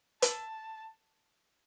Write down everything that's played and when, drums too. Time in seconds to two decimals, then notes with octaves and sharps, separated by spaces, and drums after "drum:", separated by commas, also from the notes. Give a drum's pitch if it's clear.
0.22 A5, drum: hi-hat